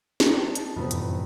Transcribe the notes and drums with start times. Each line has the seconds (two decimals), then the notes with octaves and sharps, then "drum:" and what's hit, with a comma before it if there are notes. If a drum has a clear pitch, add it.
0.20 D5 G5 A#5, drum: snare
0.38 D#4 A5
0.55 drum: hi-hat
0.76 F1 F#2 A2 E3 F3 B3
0.91 drum: hi-hat